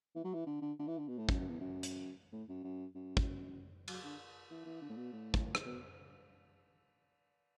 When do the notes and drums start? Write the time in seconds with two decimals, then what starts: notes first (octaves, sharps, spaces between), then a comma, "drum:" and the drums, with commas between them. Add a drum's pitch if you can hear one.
0.15 E3
0.24 F#3
0.34 E3
0.46 D3
0.61 D3
0.79 D3
0.87 E3
0.98 D3
1.08 B2
1.18 A2
1.29 F#2, drum: kick
1.39 F#2
1.49 E2
1.60 F#2
1.83 drum: hi-hat
2.32 A2
2.48 F#2
2.63 F#2
2.95 F#2
3.17 drum: kick
3.88 F#3, drum: cymbal
4.04 D3
4.50 E3
4.65 E3
4.81 D3
4.89 A2
4.97 B2
5.13 A2
5.34 drum: kick
5.55 drum: rim click
5.65 B2